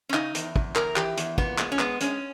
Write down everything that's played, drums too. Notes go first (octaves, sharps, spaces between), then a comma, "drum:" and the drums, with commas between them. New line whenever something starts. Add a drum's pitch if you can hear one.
C#4
C#3 D#4, drum: clap
E2, drum: hi-hat
E2, drum: kick
E2 A#4, drum: clap
E3 G4, drum: clap
E2, drum: hi-hat
A#2 B3, drum: kick
G#3 B3, drum: clap
C#4
G#3 B3, drum: clap
G#3 C#4, drum: hi-hat